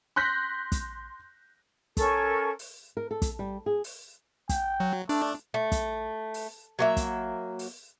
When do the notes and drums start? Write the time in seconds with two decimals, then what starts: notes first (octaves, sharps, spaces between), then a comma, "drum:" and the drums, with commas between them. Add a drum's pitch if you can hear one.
0.16 C6 F#6 G6 A#6 B6
0.72 drum: kick, hi-hat
1.97 C#4 A4 A#4 C#6, drum: kick, hi-hat
2.59 drum: open hi-hat
2.97 A#4
3.11 A4
3.22 drum: kick, hi-hat
3.39 G3
3.66 G#4
3.84 drum: open hi-hat
4.49 G5, drum: kick, hi-hat
4.80 F#3
5.09 A3 D4, drum: open hi-hat
5.54 A3
5.72 drum: kick, hi-hat
6.34 drum: open hi-hat
6.79 F#3 A#3 E5
6.97 drum: kick, hi-hat
7.59 drum: open hi-hat